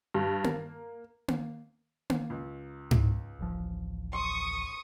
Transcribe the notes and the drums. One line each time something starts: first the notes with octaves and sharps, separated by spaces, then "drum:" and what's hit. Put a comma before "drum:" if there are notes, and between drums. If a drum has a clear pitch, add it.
G2
A#3, drum: tom A#3
drum: tom A#3
drum: tom A#3
C#2
drum: tom G#2
D1 A1 F3
C6 C#6 D#6